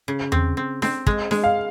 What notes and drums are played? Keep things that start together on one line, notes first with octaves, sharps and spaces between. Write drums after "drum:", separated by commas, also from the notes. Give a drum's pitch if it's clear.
C#3
C4, drum: tom E2
C4
C4, drum: snare D4
G#3, drum: kick
G#3, drum: snare D4
F5